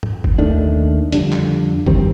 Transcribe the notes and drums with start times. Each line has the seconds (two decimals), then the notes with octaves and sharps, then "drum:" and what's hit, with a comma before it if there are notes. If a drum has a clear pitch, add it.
0.03 drum: tom
0.24 drum: kick F#1
0.38 D#2 D#3 A3 D4
1.12 F2 D3 G3 D4, drum: hi-hat
1.32 drum: clap
1.86 G2 D#3 G3 C4, drum: kick F#1